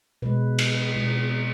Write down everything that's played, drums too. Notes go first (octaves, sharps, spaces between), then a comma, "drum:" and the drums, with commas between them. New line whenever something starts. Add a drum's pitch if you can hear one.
B2 G#3 B4
drum: cymbal
B2 G#3